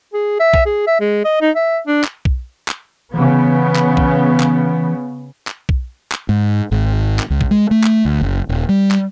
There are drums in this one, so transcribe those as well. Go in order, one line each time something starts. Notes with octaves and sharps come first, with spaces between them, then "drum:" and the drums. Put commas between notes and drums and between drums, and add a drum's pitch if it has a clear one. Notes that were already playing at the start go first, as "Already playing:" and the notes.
G#4
E5
drum: kick B1
G#4
E5
G#3
D#5
D#4
E5
D4
drum: clap
drum: kick B1
drum: clap
C#3 E3 B3
drum: clap
drum: kick B1
drum: clap
drum: clap
drum: kick B1
drum: clap
G#2
G#1
drum: clap
C#2
drum: kick B1
G#3
A3
drum: clap
D2
F#1
D#1
G3
drum: clap